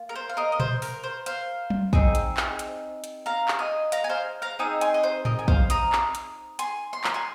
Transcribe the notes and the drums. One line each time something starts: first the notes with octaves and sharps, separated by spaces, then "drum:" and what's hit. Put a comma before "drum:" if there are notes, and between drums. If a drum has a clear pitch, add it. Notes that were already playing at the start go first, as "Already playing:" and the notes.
Already playing: A#3 F4
A#4
C5
F5
A#4 D#5
D#5
C5, drum: tom A#2
A#4, drum: open hi-hat
C5
C5 F5, drum: hi-hat
drum: tom
C4 D#4 G#4, drum: kick
drum: hi-hat
drum: clap
drum: hi-hat
drum: hi-hat
F5 A#5
drum: clap
D#5 G#5
F5 A#5, drum: hi-hat
G#5
C5 F5
F5 A#5
C4 D#4 G#4 A#5 D#6
G#5 C6, drum: hi-hat
D#5
C5
A#4 D#5, drum: tom A2
G#5
C5 F5, drum: kick
A#5 D#6, drum: hi-hat
drum: clap
drum: hi-hat
G#5 C6, drum: hi-hat
C6
A#5, drum: clap
G#5 C6